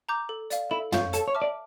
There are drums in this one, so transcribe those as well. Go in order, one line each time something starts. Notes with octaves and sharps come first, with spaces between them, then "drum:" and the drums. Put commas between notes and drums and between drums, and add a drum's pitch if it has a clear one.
A#5 D6 G6
A4
D5 F5, drum: hi-hat
E4 A4
F4 C#5 F5 C#6 G6, drum: tom
A4 C#5, drum: hi-hat
C#5
E5 A5 D6 F6
D5